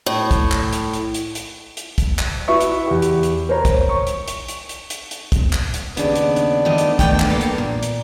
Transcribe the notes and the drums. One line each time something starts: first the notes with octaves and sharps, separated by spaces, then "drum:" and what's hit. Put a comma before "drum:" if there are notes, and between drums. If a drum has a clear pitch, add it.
A2
drum: kick, hi-hat
drum: clap
drum: hi-hat
drum: hi-hat
drum: hi-hat
drum: hi-hat
drum: hi-hat
drum: kick, hi-hat
drum: clap
E4 F#4 B4 E5 C#6
drum: hi-hat
E2 G4
drum: hi-hat
drum: hi-hat
A#4 C5 C#5 A#5
drum: kick, hi-hat
C#6
drum: hi-hat
drum: hi-hat
drum: hi-hat
drum: hi-hat
drum: hi-hat
drum: hi-hat
drum: kick, hi-hat
drum: clap
drum: hi-hat
D#2 C#3 B3 D4, drum: hi-hat
drum: hi-hat
drum: hi-hat
D#3 A3 D#5
drum: hi-hat
A3 G5, drum: kick, hi-hat
drum: clap
A#3 A4
drum: hi-hat
A#2
drum: hi-hat